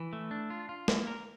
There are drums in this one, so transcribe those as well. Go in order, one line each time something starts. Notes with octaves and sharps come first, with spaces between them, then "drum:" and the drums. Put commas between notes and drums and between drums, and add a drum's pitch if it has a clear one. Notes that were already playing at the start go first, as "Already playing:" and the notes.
Already playing: E3
A3
D4
F4
F4
A#3, drum: snare
A#4